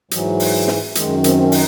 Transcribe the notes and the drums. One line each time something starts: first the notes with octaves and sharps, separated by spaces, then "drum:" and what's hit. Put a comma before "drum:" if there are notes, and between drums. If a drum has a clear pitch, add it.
G#2 E3 F#3, drum: hi-hat
drum: open hi-hat
drum: snare
F#2 D#3 G#3, drum: hi-hat
C4, drum: hi-hat
C4
C#4
D#4, drum: open hi-hat